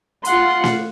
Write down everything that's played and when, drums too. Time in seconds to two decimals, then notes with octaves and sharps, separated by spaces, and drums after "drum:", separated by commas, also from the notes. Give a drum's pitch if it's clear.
0.25 F4 F#5 C6, drum: hi-hat
0.64 drum: snare